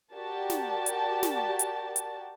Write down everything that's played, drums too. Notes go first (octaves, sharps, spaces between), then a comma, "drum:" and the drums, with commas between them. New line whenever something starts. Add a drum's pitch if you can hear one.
F#4 G4 A#4 D5 A5
drum: snare
drum: hi-hat
drum: snare
drum: hi-hat
drum: hi-hat